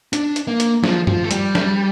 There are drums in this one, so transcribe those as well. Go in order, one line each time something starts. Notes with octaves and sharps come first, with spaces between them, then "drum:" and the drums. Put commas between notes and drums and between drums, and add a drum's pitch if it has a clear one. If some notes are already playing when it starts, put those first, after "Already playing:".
D4, drum: hi-hat
drum: hi-hat
A#3
drum: hi-hat
F3, drum: snare
F3, drum: tom G2
A3
G3, drum: hi-hat
drum: snare